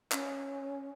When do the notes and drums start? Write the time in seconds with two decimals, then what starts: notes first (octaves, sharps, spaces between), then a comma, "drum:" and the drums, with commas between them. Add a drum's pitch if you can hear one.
0.12 C#4, drum: clap